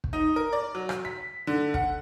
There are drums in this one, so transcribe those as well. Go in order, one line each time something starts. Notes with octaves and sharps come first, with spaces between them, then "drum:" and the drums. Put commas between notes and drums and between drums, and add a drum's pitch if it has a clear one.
drum: kick
D#4
A#4
D5
F#3
drum: rim click
B6
D3
F#5, drum: kick